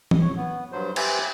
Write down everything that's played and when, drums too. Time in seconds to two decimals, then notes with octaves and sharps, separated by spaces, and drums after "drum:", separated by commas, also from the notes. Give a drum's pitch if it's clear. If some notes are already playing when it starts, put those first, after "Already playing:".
0.11 drum: tom E3
0.21 C#5
0.36 B3
0.72 G2 F#3 C5
0.96 G4 B4 C5 E5 G5 G#5, drum: cymbal